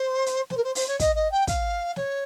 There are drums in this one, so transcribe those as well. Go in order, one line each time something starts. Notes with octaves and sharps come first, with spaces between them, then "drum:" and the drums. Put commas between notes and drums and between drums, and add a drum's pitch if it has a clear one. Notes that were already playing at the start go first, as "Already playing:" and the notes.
Already playing: C5
drum: hi-hat
C5, drum: snare
A#4
C5
C5, drum: open hi-hat
C#5
D#5, drum: kick, hi-hat
D#5
G5
F5, drum: kick, hi-hat
C#5, drum: snare